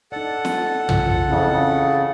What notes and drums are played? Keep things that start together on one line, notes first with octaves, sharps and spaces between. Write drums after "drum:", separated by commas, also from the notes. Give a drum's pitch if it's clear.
D#4 A4 D5 F#5
drum: snare
C#3 E3 F4, drum: tom
F2 C#3 C4 E4
C#3